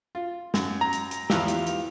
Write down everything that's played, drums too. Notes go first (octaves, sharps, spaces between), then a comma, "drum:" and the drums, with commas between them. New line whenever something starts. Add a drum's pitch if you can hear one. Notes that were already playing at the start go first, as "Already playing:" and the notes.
F4
F#2, drum: snare
A#5
drum: hi-hat
drum: hi-hat
E2 F3 E4 F4 G4 E6, drum: snare
drum: hi-hat
drum: hi-hat